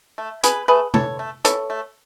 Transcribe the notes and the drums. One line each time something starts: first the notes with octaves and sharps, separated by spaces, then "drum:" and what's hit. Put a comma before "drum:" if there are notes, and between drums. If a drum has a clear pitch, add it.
A3
B2 G#4 B4, drum: hi-hat
A3 G#4 B4
E3 A4 C#5, drum: tom
A3
E3 A4 C#5, drum: hi-hat
A3